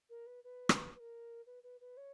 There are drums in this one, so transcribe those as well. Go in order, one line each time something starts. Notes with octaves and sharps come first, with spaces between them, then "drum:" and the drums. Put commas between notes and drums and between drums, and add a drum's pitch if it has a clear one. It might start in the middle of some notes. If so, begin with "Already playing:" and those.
A#4
B4
B4
drum: rim click
B4
A#4
B4
B4
B4
C#5